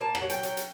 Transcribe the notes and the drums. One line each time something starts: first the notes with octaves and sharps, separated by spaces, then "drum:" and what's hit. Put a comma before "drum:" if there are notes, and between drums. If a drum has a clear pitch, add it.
A#3 A5
F#5, drum: rim click
F#3
G5, drum: hi-hat
F#3, drum: hi-hat
drum: hi-hat